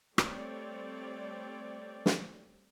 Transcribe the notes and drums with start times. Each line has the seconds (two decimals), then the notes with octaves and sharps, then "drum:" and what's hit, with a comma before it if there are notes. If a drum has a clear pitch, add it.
0.18 G3 A3 C4 C#5 D5 G5, drum: rim click
2.06 drum: snare